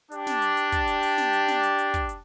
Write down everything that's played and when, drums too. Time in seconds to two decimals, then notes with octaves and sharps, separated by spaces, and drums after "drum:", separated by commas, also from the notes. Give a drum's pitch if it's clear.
0.12 D4 G4, drum: hi-hat
0.27 drum: snare
0.42 drum: hi-hat
0.57 drum: hi-hat
0.72 drum: kick, hi-hat
0.87 drum: hi-hat
1.03 drum: open hi-hat
1.18 drum: snare
1.33 drum: hi-hat
1.48 drum: snare
1.63 drum: hi-hat
1.79 drum: hi-hat
1.94 drum: kick, hi-hat
2.09 drum: hi-hat